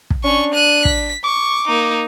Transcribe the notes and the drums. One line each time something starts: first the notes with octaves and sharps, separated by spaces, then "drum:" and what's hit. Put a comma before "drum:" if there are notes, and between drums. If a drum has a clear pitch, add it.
drum: kick
C#4 D4 C#6
F#6 D#7
B6, drum: kick
C#6 D6
A#3 D#4